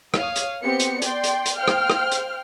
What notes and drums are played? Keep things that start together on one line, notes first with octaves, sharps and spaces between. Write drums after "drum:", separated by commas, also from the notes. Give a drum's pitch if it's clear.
C#5 F5 D#6, drum: rim click
drum: hi-hat
B3 C4 G4 C#7
drum: hi-hat
D5 G5 C6, drum: hi-hat
drum: hi-hat
drum: hi-hat
C5 F5 G5 F6
drum: rim click
drum: rim click
drum: hi-hat